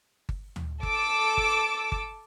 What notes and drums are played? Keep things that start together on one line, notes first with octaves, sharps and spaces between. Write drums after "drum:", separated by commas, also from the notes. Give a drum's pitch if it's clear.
drum: kick G1
drum: tom
A4 D6 E6, drum: kick G1
drum: kick G1
drum: kick G1